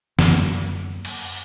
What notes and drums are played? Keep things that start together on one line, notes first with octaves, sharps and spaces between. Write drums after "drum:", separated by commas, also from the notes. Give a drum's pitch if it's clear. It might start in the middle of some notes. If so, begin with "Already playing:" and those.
F#2 A#3, drum: snare
drum: cymbal